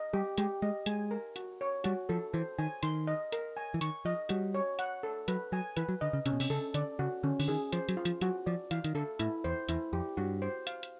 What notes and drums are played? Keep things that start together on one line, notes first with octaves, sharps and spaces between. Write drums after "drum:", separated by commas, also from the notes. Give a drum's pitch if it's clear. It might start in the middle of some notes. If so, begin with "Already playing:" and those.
Already playing: D#5
G3 G4
G#3 G4, drum: hi-hat
G#3 D#5
G#3 G#5, drum: hi-hat
A#4
F#4, drum: hi-hat
C#5
G3 F#4, drum: hi-hat
F3 A4
E3 C5
D#3 G#5
D#3 C6, drum: hi-hat
D#5
A#4, drum: hi-hat
G#5
E3
D#3 C#6, drum: hi-hat
F3 D#5
G3 F#4, drum: hi-hat
C#5
F#5, drum: hi-hat
A4
F#3 B4, drum: hi-hat
F#3 G#5
E3 B4, drum: hi-hat
F#3
D3 D#5
C#3
C3 C#4, drum: hi-hat
B2
C3, drum: open hi-hat
C#3 A4
D3 D5, drum: hi-hat
C#3 F#4
D3 C#4
D3, drum: open hi-hat
D#3 G#4
F3 C5, drum: hi-hat
F#3, drum: hi-hat
F4
F3, drum: hi-hat
F#3 F#4, drum: hi-hat
F3 D5
E3 F5, drum: hi-hat
D#3, drum: hi-hat
D3 A4
A2 E4, drum: hi-hat
E2 C5
E2 E4, drum: hi-hat
F2 G4
G2 F#4
C5
F5, drum: hi-hat
drum: hi-hat